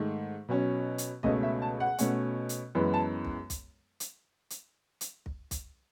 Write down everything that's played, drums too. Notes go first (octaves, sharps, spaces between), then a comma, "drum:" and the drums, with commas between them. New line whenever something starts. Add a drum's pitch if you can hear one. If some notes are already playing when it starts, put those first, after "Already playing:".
Already playing: G#2 D#3 A3
B2 F#3 C#4
drum: hi-hat
C#2 B2 A3 C#4 D#5, drum: kick
E5
A5
F#5
B2 A3 C#4, drum: hi-hat
drum: hi-hat
F#2 E3 G#3 B3
A5
drum: kick
drum: kick, hi-hat
drum: hi-hat
drum: hi-hat
drum: hi-hat
drum: kick
drum: kick, hi-hat